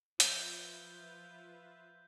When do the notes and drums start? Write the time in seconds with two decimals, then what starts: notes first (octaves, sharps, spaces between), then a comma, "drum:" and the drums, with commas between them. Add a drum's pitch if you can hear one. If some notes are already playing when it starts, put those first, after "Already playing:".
0.20 F3 F4 B4 E5 G6 G7, drum: hi-hat